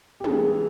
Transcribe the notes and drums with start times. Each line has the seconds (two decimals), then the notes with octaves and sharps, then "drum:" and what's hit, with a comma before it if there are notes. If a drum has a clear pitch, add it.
0.20 G4
0.24 E3 G#4, drum: tom